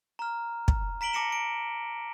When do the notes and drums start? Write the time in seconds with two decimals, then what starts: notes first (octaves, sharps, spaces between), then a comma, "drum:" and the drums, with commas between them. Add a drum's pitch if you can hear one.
0.19 A#5 F6
0.68 drum: kick
1.01 A#5 B6 D7 F#7 G7
1.13 A5 D6 A#6 C#7 E7
1.30 C#7 D7